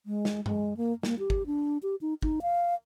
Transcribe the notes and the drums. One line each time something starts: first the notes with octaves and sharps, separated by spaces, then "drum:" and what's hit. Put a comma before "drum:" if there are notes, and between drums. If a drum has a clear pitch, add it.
G#3
drum: snare
G#3, drum: tom G2
A#3
A#3, drum: snare
G4
drum: kick
D4
G4
D#4
D#4, drum: kick
F5